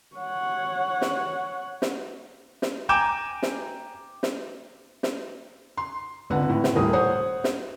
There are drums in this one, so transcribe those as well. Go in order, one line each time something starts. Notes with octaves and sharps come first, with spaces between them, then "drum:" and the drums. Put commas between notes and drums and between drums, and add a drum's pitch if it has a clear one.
C#5 F#5
drum: snare
drum: snare
drum: snare
G5 G#5 A#5 D6 G6 E7
drum: snare
drum: snare
drum: snare
C6
G#1 C#2 D3 B4 F#5
A2
drum: snare
D#1 A2 A#4 D#6
C5 C#5 F#5 D#6
drum: snare